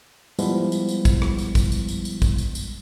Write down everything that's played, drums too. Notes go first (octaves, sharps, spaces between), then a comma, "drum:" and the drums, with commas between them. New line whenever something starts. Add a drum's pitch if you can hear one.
F3 G3 G#3 B3 E4, drum: tambourine
drum: tambourine
drum: tambourine
drum: kick, tambourine
drum: rim click
drum: tambourine
drum: kick, tambourine
drum: tambourine
drum: tambourine
drum: tambourine
drum: kick, tambourine
drum: tambourine
drum: tambourine